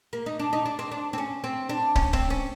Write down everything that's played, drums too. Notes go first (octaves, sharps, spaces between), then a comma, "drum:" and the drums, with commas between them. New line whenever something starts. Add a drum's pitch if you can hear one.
A#3
D#4
D4
D#4
D4
C4
D4
C4
C#4
C4
D4
C#4, drum: kick
C4, drum: kick
C#4